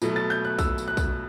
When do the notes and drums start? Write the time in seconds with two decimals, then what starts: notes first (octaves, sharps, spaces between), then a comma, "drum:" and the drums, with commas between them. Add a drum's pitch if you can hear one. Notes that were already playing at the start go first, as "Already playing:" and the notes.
0.02 B2 F#3 A3, drum: tambourine
0.16 A6
0.30 G6
0.45 F#6
0.59 E6, drum: kick, tambourine
0.78 drum: tambourine
0.88 F#6
0.97 drum: kick, tambourine